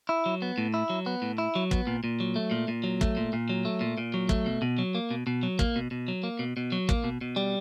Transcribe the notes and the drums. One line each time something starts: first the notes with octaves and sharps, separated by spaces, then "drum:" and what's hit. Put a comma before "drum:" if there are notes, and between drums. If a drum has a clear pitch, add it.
E4
F#3
B3
A2
E4
F#3
B3
A2
E4
F#3
B3, drum: kick
A#2
A#2
F#3
A3
A#2
A#2
F#3
A3, drum: kick
A#2
A#2
F#3
A3
A#2
A#2
F#3
A3, drum: kick
B2
B2
F#3
A#3
B2
B2
F#3
A#3, drum: kick
B2
B2
F#3
A#3
B2
B2
F#3
A#3, drum: kick
B2
B2
G3